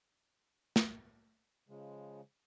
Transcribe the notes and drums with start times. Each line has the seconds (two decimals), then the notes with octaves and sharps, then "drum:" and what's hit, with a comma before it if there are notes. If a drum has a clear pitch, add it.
0.76 drum: snare
1.69 C#3 F3 G#3